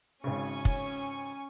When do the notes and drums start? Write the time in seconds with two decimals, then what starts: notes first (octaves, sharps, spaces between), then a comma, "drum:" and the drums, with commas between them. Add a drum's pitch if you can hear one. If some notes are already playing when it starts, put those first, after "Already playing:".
0.24 G#1 C#3 C#4 G#5 C#6
0.65 drum: kick